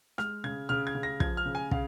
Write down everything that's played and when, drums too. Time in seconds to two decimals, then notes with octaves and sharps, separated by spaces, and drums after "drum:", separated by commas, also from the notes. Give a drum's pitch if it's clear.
0.18 G#3 F6, drum: rim click
0.44 C#3 G#6
0.69 C#3 F6
0.87 G#6
0.95 C#3
1.03 A#6
1.20 F3 G#6, drum: kick
1.37 F6
1.46 C#3
1.55 G#5
1.71 C#3 F5, drum: kick